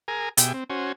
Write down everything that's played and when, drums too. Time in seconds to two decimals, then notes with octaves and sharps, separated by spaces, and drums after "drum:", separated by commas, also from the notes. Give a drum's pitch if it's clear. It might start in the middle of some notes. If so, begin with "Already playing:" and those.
0.08 G#4 A#4 G#5 A#5
0.37 B2 G4 G#4 E5 G5, drum: hi-hat
0.54 C4
0.70 C#4 F#4 C5 G#5